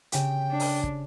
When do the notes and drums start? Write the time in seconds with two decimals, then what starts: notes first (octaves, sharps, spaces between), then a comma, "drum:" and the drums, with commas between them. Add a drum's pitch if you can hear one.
0.12 C#3 G4 G5 D7, drum: hi-hat
0.50 D4
0.60 drum: open hi-hat
0.83 drum: kick